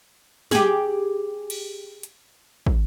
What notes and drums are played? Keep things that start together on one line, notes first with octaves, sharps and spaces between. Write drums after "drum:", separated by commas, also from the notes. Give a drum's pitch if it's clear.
G4 G#4, drum: snare
drum: cymbal
drum: hi-hat
drum: kick